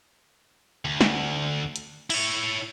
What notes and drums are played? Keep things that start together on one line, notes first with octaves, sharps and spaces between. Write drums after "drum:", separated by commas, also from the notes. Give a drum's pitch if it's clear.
D2
drum: snare
drum: hi-hat
E4 C#5, drum: cymbal